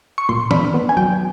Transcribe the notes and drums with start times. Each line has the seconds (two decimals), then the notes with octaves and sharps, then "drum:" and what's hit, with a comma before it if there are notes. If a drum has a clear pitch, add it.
0.18 C#6
0.29 A#2 C6
0.51 D4 B5, drum: tom D#3
0.74 B3
0.89 G#5
0.97 F#3 G5